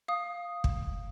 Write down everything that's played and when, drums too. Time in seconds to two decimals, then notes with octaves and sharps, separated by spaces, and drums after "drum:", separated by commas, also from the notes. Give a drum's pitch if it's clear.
0.08 F5 D#6
0.64 drum: kick